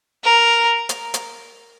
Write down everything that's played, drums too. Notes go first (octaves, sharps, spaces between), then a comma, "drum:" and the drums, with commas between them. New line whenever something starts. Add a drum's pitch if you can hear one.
A#4
drum: hi-hat
drum: hi-hat